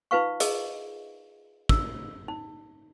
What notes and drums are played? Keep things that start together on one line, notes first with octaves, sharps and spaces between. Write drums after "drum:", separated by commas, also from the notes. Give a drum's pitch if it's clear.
D#4 F4 B4 F5 C#6
G#4 A#4 D#5, drum: hi-hat
E6, drum: kick
D#4